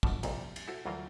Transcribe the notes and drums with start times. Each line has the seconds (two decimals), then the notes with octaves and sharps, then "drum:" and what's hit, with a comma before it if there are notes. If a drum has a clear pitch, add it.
0.03 B2 D3 F3 C#5 E5 A5, drum: kick
0.23 C2 F2 A#2, drum: cymbal
0.56 drum: cymbal
0.68 E4 F#4 A4 C5
0.86 D2 E3 F#3 F4 A#4 F5